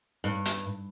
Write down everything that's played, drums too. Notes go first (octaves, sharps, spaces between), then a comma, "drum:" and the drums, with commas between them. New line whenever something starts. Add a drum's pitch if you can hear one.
G2
drum: hi-hat